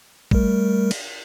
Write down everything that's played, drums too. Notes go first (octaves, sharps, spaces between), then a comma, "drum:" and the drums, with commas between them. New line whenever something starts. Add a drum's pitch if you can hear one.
G3 A3 A#4, drum: kick
drum: cymbal